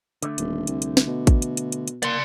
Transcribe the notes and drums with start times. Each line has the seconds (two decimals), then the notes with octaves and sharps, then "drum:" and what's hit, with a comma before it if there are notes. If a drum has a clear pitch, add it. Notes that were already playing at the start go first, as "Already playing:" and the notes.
0.22 D3 A3, drum: hi-hat
0.38 D#1, drum: hi-hat
0.67 C2, drum: hi-hat
0.82 drum: hi-hat
0.97 drum: snare
1.07 B2
1.27 drum: kick A1, hi-hat
1.42 drum: hi-hat
1.57 drum: hi-hat
1.72 drum: hi-hat
1.88 drum: hi-hat
2.03 A#3 D5 C6, drum: hi-hat